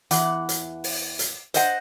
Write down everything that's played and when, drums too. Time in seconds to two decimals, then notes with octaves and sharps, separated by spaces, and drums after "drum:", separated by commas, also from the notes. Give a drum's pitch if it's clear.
0.11 E2 E3 F#5, drum: hi-hat
0.49 drum: hi-hat
0.84 drum: open hi-hat
1.19 drum: hi-hat
1.54 C5 D#5 F#5, drum: hi-hat